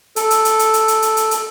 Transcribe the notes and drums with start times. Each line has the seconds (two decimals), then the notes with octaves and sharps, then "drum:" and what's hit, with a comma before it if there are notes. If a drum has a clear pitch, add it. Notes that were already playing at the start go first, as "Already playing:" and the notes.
0.16 A4, drum: hi-hat
0.30 drum: hi-hat
0.45 drum: hi-hat
0.59 drum: hi-hat
0.74 drum: hi-hat
0.88 drum: hi-hat
1.02 drum: hi-hat
1.17 drum: hi-hat
1.31 drum: hi-hat